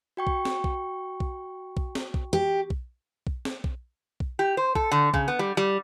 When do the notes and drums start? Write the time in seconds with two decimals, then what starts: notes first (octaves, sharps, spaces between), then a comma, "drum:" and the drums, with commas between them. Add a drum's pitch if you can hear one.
0.17 F#4 G5 C#6
0.27 drum: kick B1
0.45 drum: snare
0.64 drum: kick B1
1.20 drum: kick B1
1.77 drum: kick B1
1.95 drum: snare
2.14 drum: kick B1
2.33 G4
2.70 drum: kick B1
3.27 drum: kick B1
3.45 drum: snare
3.64 drum: kick B1
4.20 drum: kick B1
4.39 G4
4.57 C5
4.75 A4, drum: kick B1
4.92 D3
5.14 C#3, drum: kick B1
5.28 B3
5.39 G3
5.57 G3